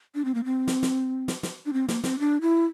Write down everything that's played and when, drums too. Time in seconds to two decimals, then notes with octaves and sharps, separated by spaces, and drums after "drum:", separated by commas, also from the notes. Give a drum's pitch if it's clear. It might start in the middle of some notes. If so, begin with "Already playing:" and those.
0.15 D4
0.25 C4
0.35 A#3
0.44 C4
0.68 drum: snare
0.83 drum: snare
1.28 drum: snare
1.43 drum: snare
1.66 D4
1.73 C4
1.88 A#3, drum: snare
2.04 C4, drum: snare
2.19 D4
2.41 E4